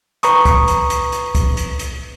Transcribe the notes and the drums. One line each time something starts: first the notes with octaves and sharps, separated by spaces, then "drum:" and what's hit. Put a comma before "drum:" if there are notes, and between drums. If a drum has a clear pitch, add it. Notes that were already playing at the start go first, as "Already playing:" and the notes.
B4 A#5 C#6 D#6, drum: hi-hat
drum: kick, hi-hat
drum: hi-hat
drum: hi-hat
drum: hi-hat
drum: kick, hi-hat
drum: hi-hat
drum: hi-hat